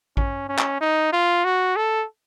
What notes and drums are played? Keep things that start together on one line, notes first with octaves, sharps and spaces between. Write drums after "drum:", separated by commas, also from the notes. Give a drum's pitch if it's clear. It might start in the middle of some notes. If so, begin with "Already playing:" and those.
C#4, drum: kick A1
C#4
drum: clap
D#4
F4
F#4
A4